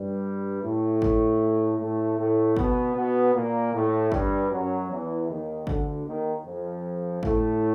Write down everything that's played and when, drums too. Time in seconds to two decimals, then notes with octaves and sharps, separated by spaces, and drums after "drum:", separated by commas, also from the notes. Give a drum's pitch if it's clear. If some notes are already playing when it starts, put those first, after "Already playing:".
Already playing: G2 G3
0.63 A2 A3
1.02 drum: kick G1
1.79 A2 A3
2.18 A2 A3
2.57 B2 B3, drum: kick G1
2.95 B2 B3
3.35 A#2 A#3
3.73 A2 A3
4.12 G2 G3, drum: kick G1
4.51 F#2 F#3
4.89 E2 E3
5.29 D#2 D#3
5.67 D2 D3, drum: kick G1
6.06 D#2 D#3
6.45 F2 F3
7.23 A2 A3, drum: kick G1